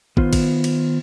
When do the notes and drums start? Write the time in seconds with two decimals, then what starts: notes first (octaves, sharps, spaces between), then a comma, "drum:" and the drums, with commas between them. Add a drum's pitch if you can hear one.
0.17 D#3 B3 F4 C5, drum: kick
0.33 drum: kick, cymbal
0.64 drum: cymbal